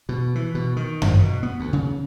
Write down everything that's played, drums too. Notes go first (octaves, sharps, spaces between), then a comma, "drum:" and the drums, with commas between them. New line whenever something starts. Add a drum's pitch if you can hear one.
B2
E3
B2
D#3
G#1, drum: tom F#2
B2
B3
D2
C#3